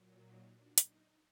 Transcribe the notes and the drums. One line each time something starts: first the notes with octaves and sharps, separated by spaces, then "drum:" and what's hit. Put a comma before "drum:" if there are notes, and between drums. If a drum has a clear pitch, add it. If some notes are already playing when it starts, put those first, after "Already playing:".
Already playing: A#2 F#3
D#4
D4
drum: hi-hat
D#4